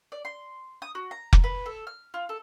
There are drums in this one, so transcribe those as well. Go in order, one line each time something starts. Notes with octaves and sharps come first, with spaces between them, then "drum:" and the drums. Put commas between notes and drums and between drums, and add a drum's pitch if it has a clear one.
D5
C6
D#6
F#4
A#5
drum: kick F1
B4
A4
F6
F4
A4